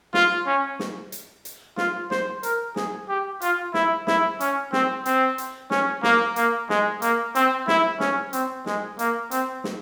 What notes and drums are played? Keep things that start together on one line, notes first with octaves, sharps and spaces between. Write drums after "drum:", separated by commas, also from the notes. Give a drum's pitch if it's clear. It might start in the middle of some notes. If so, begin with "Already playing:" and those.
F4, drum: snare
C#4
drum: snare
drum: hi-hat
drum: hi-hat
F4, drum: snare
C5, drum: snare
A#4, drum: hi-hat
G#4, drum: snare
G4
F4, drum: hi-hat
E4, drum: snare
E4, drum: snare
C#4, drum: hi-hat
C4, drum: snare
C4, drum: hi-hat
drum: hi-hat
C#4, drum: snare
A#3, drum: snare
A#3, drum: hi-hat
G#3, drum: snare
A#3, drum: hi-hat
C4, drum: hi-hat
E4, drum: snare
C#4, drum: snare
C4, drum: hi-hat
G#3, drum: snare
A#3, drum: hi-hat
C4, drum: hi-hat
drum: snare